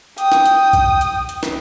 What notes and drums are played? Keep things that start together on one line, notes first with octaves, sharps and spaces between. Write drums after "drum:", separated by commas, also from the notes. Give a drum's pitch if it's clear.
G5 D#6, drum: hi-hat
drum: snare
drum: hi-hat
drum: kick, hi-hat
drum: hi-hat
drum: hi-hat
drum: snare